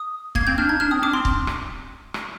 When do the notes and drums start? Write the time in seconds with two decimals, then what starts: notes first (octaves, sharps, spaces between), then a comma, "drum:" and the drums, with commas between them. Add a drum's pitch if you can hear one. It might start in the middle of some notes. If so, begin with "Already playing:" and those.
Already playing: D#6
0.35 A#3 G#6, drum: kick
0.47 C4 G6
0.58 D4 F6
0.69 D#4 G#6
0.80 D4 F6
0.91 C4 D#6
1.02 D4 D6
1.13 C4 C6
1.25 drum: kick
1.47 drum: rim click
2.14 drum: rim click